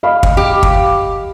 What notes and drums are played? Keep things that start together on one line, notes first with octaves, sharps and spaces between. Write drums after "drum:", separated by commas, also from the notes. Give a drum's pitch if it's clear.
D#5 F5 B5
drum: kick
G4
drum: kick